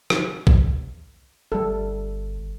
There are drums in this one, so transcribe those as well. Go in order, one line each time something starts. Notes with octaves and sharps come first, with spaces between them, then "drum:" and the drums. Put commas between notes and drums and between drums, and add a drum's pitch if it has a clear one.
drum: rim click
drum: kick A#1
G1 G3 A4